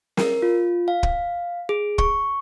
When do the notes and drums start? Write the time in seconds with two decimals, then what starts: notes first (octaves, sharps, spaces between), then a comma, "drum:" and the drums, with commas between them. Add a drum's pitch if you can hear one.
0.17 A#4, drum: snare
0.42 F4
0.88 F5
1.03 drum: kick
1.69 G#4
1.98 C#6, drum: kick